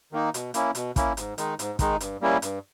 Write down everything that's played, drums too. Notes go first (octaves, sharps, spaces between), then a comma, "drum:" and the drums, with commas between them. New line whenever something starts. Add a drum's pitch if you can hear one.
D#3 A#3 D#4
B2, drum: hi-hat
A#3 C#4 E4, drum: hi-hat
B2, drum: hi-hat
A#3 C#4 E4, drum: kick, hi-hat
G#2, drum: hi-hat
D#3 G#3 D#4, drum: hi-hat
G#2, drum: hi-hat
D#3 G#3 D#4, drum: kick, hi-hat
G2, drum: hi-hat
G3 A#3 C#4 E4
G2, drum: hi-hat